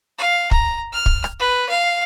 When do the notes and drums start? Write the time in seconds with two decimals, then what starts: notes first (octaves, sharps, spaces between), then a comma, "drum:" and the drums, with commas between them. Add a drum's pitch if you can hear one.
0.18 F5
0.51 A#5, drum: kick
0.93 F6
1.06 drum: kick
1.24 drum: rim click
1.39 B4
1.69 F5